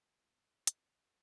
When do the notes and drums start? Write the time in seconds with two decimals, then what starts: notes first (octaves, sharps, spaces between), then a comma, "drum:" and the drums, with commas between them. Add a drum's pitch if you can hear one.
0.14 G#2 C3
0.67 drum: hi-hat